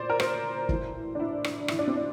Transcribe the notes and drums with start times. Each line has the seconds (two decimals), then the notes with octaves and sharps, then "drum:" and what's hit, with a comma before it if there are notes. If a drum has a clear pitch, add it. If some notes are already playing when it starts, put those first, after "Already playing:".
Already playing: A#2 C5 D5
0.09 A#4
0.20 C5, drum: rim click
0.69 A2 E3, drum: kick F#1
1.15 D4
1.19 E4
1.44 D4, drum: rim click
1.68 A2 E3 E4, drum: rim click
1.79 D4
1.87 C4
1.97 D4